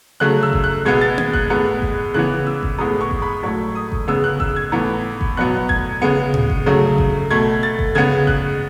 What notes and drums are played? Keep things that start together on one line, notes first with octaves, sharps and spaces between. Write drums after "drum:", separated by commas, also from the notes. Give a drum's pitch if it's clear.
C#3 F#3 A3 F#6
E6
drum: kick G1
F#6
B2 G#3 B3 G#6
A6
G#6, drum: tom A#3
F#6, drum: kick G1
A2 G#3 B3 F#6
drum: kick G1
C#3 E3 B3 F#6
E6
drum: kick G1
A2 G#3 B3 D#6
C#6
drum: kick G1
B5
A2 F#3 A3 C#6
D#6
drum: kick G1
C#3 G#3 B3 E6
F#6
E6, drum: kick G1
G#6
A2 E3 B3
drum: kick G1
B2 F#3 B3 F#6
G#6, drum: kick G1
C#3 G#3 B3
drum: tom A2
drum: kick G1
C#3 F#3 A3
drum: kick G1
B2 A3 G#6
A6
drum: kick G1
C#3 G#3 B3 G#6
F#6, drum: kick G1